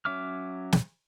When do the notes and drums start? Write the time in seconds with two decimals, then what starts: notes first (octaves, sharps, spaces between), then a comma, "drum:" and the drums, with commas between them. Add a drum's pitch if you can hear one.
0.05 F#3 C#4 E5 D6 F6
0.73 drum: snare